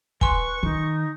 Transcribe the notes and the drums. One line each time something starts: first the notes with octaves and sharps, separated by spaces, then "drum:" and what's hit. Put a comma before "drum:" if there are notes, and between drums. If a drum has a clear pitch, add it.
B4 G#5 C6 C#6, drum: kick
D#3 D#4